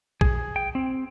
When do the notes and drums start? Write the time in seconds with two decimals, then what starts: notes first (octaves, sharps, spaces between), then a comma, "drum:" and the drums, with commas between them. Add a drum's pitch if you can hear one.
0.21 G#4, drum: kick
0.56 G5
0.75 C4